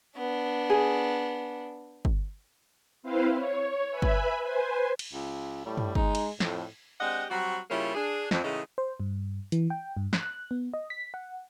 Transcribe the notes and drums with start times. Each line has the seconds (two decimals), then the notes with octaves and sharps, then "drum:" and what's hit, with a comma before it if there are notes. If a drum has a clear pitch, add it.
0.17 B3 D4
0.70 G#4
2.05 drum: kick G1
3.03 C4 E4 B4 C5 F5
3.36 C#5
3.90 B4 E5 G#5 B5
4.02 drum: kick G1
4.42 B4 C5 G#5
4.99 drum: cymbal
5.13 C#2
5.65 A2 G3
5.77 drum: tom
5.95 G#3 D#4, drum: kick G1
6.15 drum: cymbal
6.40 F2 A2, drum: snare
7.00 G#3 C4 D4 G4 D#5 F#5
7.30 F#3 G3 C4 F#4
7.70 C#3 G3 A#3 E4 F4 C#5
7.95 D4 G#4
8.31 F2, drum: snare
8.44 A2 C#3 E3 G#3 C#4 D#4
8.78 C5
9.00 G2
9.52 E3, drum: hi-hat
9.70 G5
9.97 G2
10.13 F#6, drum: snare
10.51 B3
10.74 D#5
10.90 B6
11.14 F#5